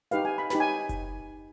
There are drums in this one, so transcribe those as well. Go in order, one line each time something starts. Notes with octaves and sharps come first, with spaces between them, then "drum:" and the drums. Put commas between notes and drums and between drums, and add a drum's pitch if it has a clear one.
D#4 G4 B4 F5, drum: hi-hat
G#5
B5
D#4 G4 B4 B5, drum: snare
G#5
drum: kick F#1, hi-hat